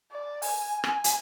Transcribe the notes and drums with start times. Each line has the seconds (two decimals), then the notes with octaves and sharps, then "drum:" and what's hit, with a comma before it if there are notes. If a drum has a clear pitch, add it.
0.12 D5
0.42 G#5, drum: open hi-hat
0.84 drum: rim click
1.04 drum: hi-hat